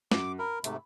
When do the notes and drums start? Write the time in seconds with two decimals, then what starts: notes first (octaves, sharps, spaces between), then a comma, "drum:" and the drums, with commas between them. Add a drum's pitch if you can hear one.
0.11 F#2 D6, drum: snare
0.39 A#4 B5
0.64 G#2 C3 A3, drum: hi-hat